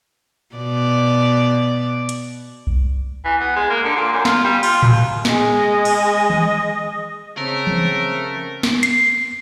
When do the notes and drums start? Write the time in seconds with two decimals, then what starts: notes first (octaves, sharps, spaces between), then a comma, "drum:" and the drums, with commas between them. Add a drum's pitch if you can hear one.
0.55 B2 D5
2.09 drum: hi-hat
2.67 drum: kick B1
3.25 E3
3.41 B3
3.56 G#3
3.70 A#3
3.84 D3
3.96 A#2
4.12 F#2
4.25 F4, drum: snare
4.44 G3
4.63 F4, drum: cymbal
4.83 D#2, drum: tom A2
5.25 G#3 D#5, drum: snare
5.85 drum: cymbal
6.30 drum: tom
7.37 C#3 A3 C4 A#4
7.67 drum: tom E3
8.63 drum: snare
8.83 C7, drum: hi-hat